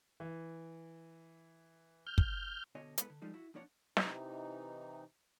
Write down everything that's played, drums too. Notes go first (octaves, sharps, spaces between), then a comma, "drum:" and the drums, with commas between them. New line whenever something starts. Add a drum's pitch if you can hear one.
E3
F6 G6
drum: kick
B2 D3 C#5 D#5 G#5
A2 G#3 B3 A4 B4 B5, drum: hi-hat
D3
F3 G3 G#3 D#4 A4
E4 F#4
F2 A#3 D4 C#5 F#5
C3 E3 D#4, drum: snare